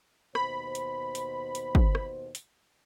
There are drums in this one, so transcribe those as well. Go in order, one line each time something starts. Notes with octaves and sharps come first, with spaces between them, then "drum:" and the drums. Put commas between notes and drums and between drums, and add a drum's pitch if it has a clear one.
D#2 B2 C5 B5, drum: rim click
drum: hi-hat
drum: hi-hat
drum: hi-hat
drum: kick
drum: rim click
drum: hi-hat